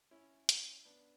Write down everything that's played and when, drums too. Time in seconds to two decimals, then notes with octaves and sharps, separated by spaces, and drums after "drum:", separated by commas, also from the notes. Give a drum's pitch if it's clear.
0.11 C#4 E4
0.49 drum: hi-hat
0.85 B3 D4